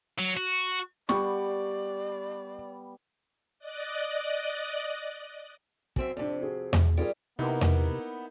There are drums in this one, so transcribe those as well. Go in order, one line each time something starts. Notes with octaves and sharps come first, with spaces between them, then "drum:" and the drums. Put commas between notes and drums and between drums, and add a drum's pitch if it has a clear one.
F#3
F#4
G3 B3 G4 D5 C#6, drum: snare
D5 D#5 F#6
F#2 C4 E5, drum: kick
F2 C3 D4 D5
F#4 G#4
drum: tom E2
G3 C#4 F4 G#4 A#4
C3 A#3 B3 D#4 E4
drum: tom E2